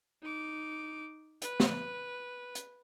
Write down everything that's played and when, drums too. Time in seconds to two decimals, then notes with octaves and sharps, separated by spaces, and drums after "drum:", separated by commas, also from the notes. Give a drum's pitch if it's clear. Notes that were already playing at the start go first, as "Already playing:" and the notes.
0.22 D#4 D6
1.42 B4, drum: hi-hat
1.60 drum: snare
2.55 drum: hi-hat